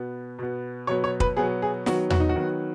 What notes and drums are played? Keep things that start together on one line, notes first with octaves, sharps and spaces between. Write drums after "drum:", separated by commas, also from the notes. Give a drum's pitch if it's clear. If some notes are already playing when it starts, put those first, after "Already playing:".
Already playing: B2 B3
B2 B3
B2 F#3 B3 C#5
C#5
B4, drum: kick
B2 F#3 B3 G#4
G#4
D#3 F#3 B3 F#4, drum: snare
F#4, drum: tom E2
D#4
F#4
D#3 F#3 B3